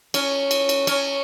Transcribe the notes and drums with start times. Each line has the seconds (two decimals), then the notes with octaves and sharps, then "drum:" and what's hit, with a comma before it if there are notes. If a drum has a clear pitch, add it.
0.14 C#4, drum: cymbal
0.51 drum: cymbal
0.69 drum: cymbal
0.87 C#4, drum: cymbal